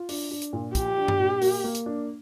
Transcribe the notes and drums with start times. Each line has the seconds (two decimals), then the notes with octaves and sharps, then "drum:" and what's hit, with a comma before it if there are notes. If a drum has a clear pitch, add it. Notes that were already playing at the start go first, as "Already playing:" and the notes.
Already playing: F4
0.09 D4, drum: open hi-hat
0.31 D4
0.42 drum: hi-hat
0.53 A#2
0.75 F3 G4, drum: kick, hi-hat
0.98 D4
1.08 drum: tom G2
1.19 A#2
1.42 A#3, drum: open hi-hat
1.64 A#3
1.75 drum: hi-hat
1.86 D4